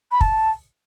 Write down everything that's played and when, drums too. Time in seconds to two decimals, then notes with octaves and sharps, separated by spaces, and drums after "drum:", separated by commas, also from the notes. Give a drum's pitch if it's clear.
0.11 B5
0.21 A5, drum: kick